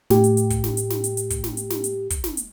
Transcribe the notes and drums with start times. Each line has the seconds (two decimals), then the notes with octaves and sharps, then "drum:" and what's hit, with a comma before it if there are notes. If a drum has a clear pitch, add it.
0.10 A2 G4, drum: snare
0.24 drum: hi-hat
0.37 drum: hi-hat
0.50 drum: kick, hi-hat
0.64 drum: snare
0.77 drum: hi-hat
0.90 drum: snare
1.04 drum: hi-hat
1.17 drum: hi-hat
1.30 drum: kick, hi-hat
1.44 drum: snare
1.57 drum: hi-hat
1.70 drum: snare
1.84 drum: hi-hat
2.10 drum: kick, hi-hat
2.24 drum: snare
2.37 drum: hi-hat